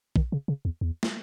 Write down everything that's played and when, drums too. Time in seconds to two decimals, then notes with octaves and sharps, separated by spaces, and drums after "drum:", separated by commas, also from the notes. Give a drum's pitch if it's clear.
0.16 D#3, drum: kick A#1
0.32 C#3
0.48 C#3
0.65 E2
0.81 E2
1.03 drum: snare